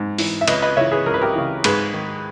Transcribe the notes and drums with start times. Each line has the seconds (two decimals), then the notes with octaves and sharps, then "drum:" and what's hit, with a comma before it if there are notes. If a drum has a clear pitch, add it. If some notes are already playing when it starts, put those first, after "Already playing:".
Already playing: G#2
0.18 E3, drum: open hi-hat
0.41 E5
0.48 C#2 B4 D#5, drum: cymbal
0.62 B4 D#5
0.77 C#3 E3 C#5 E5
0.92 G#4 B4
1.06 C#2 A#4
1.14 B4
1.21 G4 A#4
1.35 C#3 E3
1.64 G#2 G#4 B4, drum: cymbal
1.93 D#3